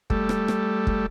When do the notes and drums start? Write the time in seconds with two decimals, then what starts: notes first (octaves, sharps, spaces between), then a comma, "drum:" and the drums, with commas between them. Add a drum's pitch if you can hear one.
0.10 G3 A3, drum: kick
0.29 drum: rim click
0.48 drum: rim click
0.87 drum: kick